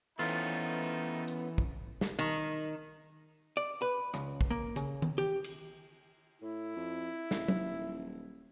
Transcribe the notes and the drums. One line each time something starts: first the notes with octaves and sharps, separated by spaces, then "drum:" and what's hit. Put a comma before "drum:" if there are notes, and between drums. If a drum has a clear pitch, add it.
D#3 E3 A3 B3 C#4 D#4 F4
drum: hi-hat
drum: kick
drum: snare
D#3
D5
B4
C#2, drum: rim click
drum: kick
A#3
C#3, drum: hi-hat
drum: tom D#3
G4
drum: cymbal
A2 E4
F2
D#1, drum: snare
drum: tom F#3